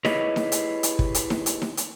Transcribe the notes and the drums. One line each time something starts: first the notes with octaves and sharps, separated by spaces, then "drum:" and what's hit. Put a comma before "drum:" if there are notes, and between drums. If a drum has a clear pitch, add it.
E4 G4 G#4 B4 C#5 D#5, drum: snare D#4
drum: snare D#4
drum: hi-hat
drum: hi-hat
drum: kick
drum: hi-hat
drum: snare D#4
drum: hi-hat
drum: snare D#4
drum: hi-hat